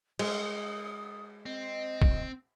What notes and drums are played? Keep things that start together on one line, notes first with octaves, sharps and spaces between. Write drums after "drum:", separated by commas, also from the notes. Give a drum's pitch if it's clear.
G#3 D#6, drum: cymbal
C4 D#5
drum: kick